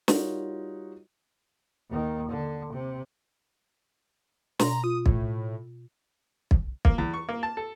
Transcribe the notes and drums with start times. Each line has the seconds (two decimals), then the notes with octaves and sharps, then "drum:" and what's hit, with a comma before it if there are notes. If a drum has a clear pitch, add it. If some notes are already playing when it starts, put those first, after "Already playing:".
0.08 G3 D#4 F4 F#4 A#4 C#5, drum: snare
1.90 D#2 D#3
2.30 D3
2.73 C3
4.59 B2 A#5 C6, drum: snare
4.84 F4 D#6
5.06 A2, drum: kick
6.51 drum: kick
6.85 A#3, drum: kick
6.98 E2
7.14 C#6
7.29 A#3
7.43 A5
7.57 A4